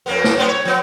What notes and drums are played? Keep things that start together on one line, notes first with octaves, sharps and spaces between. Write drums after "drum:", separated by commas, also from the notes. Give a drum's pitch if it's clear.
F2 A#3 B3
drum: snare
F#2 B3 C4
C#5
F3 B3